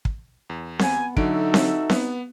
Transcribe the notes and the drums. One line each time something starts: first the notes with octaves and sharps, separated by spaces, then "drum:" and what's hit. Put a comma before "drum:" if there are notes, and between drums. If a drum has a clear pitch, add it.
drum: kick
E2
B3 G#5, drum: snare C4
D3 F#3 D#4 F#4 A4 E5 D7, drum: kick
drum: snare C4
B3, drum: snare C4